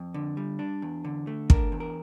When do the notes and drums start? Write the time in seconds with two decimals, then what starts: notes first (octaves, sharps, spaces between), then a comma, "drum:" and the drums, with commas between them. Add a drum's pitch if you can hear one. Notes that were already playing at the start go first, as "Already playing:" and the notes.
Already playing: F2
0.14 D3
0.37 G3
0.59 D4
0.82 E2
1.05 D3
1.27 A3
1.50 D4 A#4, drum: kick
1.72 E2
1.80 A#4